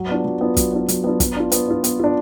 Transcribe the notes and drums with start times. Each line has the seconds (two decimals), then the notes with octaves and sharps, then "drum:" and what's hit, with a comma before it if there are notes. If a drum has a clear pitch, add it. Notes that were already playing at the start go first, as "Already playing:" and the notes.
Already playing: F#3
0.09 B3 D4 F4
0.25 F#3
0.41 B3 D4 F4
0.57 F#3, drum: kick, hi-hat
0.73 B3 D4 F4
0.88 F#3, drum: hi-hat
1.04 B3 D4 F4
1.20 B3, drum: kick, hi-hat
1.36 D4 F4
1.52 B3, drum: hi-hat
1.68 D4 F4
1.84 B3, drum: hi-hat
2.00 D4 F4